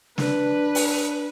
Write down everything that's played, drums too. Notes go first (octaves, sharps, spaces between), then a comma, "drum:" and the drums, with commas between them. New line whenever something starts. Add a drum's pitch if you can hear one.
D4 B4, drum: snare
drum: open hi-hat